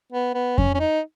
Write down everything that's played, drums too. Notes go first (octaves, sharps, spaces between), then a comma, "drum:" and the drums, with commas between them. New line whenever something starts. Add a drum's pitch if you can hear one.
B3
B3
C#4, drum: kick F2
C#4
D#4